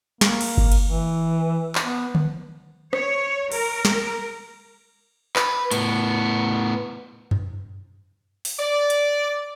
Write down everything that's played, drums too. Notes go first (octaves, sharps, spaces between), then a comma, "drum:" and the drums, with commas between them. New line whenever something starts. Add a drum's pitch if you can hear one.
A#3, drum: snare
drum: cymbal
drum: kick G1
drum: cymbal
E3
drum: clap
B3
drum: tom D3
C#5, drum: rim click
A#4, drum: cymbal
drum: snare
B4, drum: clap
A2 B3, drum: hi-hat
drum: tom F#2
drum: open hi-hat
D5
drum: hi-hat